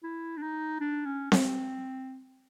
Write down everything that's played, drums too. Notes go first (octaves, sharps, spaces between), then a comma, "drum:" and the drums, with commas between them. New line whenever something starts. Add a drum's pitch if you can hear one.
E4
D4
D#4
D4
C#4
C4, drum: snare C4